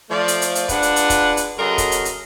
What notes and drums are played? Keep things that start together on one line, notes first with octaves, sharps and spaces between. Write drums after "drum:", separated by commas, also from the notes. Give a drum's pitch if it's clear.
F3 A3 D5
drum: hi-hat
drum: hi-hat
drum: hi-hat
G#3 D4 F4 B4 F#5, drum: kick, hi-hat
drum: hi-hat
drum: hi-hat
drum: kick, hi-hat
drum: hi-hat
C#3 F#3 A4 A#4 D#5 C6
drum: kick, hi-hat
drum: hi-hat
drum: hi-hat